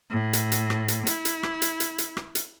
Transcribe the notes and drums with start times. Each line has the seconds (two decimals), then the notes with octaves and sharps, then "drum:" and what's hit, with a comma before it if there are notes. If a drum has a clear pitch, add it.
0.10 A2
0.33 drum: hi-hat
0.52 drum: hi-hat
0.70 drum: rim click
0.88 drum: hi-hat
1.07 E4, drum: hi-hat
1.25 drum: hi-hat
1.43 drum: rim click
1.62 drum: hi-hat
1.80 drum: hi-hat
1.98 drum: hi-hat
2.17 drum: rim click
2.35 drum: hi-hat